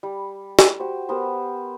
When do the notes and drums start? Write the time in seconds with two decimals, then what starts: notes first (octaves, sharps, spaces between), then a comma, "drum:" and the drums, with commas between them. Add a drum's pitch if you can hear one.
0.03 G3
0.59 drum: snare
0.79 F#4 G4 C5
1.09 B3 G4 A#4 C5